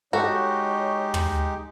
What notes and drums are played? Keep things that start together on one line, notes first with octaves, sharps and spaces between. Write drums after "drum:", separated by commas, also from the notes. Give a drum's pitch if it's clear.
G#3 D#4 F#4 G4 A4 C#5
drum: tom